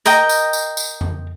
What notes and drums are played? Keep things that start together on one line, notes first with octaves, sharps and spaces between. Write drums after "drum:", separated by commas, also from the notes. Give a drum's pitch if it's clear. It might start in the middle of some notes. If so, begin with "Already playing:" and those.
A#4 D#5 G5 A#5, drum: tambourine
drum: tambourine
drum: tambourine
drum: tambourine
drum: tom F2